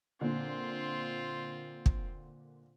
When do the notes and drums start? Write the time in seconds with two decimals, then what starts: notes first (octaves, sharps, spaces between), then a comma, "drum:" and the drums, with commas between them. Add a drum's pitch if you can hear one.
0.21 A#2 D3 A#3 C4 F4
1.86 drum: kick